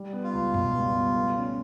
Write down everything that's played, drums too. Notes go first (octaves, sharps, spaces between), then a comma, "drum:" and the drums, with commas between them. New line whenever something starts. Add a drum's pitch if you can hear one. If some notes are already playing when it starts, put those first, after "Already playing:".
Already playing: G3
B3
F4
C#2
B2, drum: tom F#2
G3
B3
A3
C#4